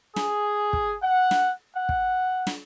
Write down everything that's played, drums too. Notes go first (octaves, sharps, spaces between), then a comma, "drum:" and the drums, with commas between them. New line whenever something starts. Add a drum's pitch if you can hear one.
G#4, drum: snare
drum: kick
F#5
drum: snare
F#5
drum: kick
drum: snare